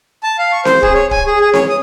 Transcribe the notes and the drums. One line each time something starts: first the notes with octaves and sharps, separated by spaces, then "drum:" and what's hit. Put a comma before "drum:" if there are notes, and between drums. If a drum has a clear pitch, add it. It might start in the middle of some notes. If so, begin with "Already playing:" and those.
A5
F5
C#6
C5, drum: snare C4
G#4, drum: kick
C#5
G#5, drum: kick
G#4
G#4
C#5, drum: snare C4
D#6